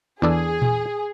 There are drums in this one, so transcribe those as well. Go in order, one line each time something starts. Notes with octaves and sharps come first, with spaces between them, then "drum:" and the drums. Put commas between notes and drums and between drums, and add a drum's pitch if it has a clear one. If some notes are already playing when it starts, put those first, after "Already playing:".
E2 D4 G#4 A4
drum: tom A#2